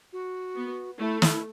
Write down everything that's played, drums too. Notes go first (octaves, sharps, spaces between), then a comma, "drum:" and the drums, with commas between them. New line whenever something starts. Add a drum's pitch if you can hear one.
F#4
B3
A3 E4
E4, drum: snare